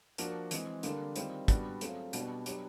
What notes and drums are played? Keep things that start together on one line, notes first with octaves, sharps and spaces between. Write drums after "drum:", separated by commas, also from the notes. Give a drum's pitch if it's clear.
F3 A#3 D4 F#4, drum: hi-hat
E3 G#3 C4, drum: hi-hat
D3 G3 A#3 D4, drum: hi-hat
D#3 G3 C4 F4 G#4, drum: hi-hat
G3 B3 D4 F#4, drum: kick, hi-hat
F#3 A3 C4 F4 G#4, drum: hi-hat
B2 G3 B3 D4 F#4, drum: hi-hat
F#3 B3 D4 G4, drum: hi-hat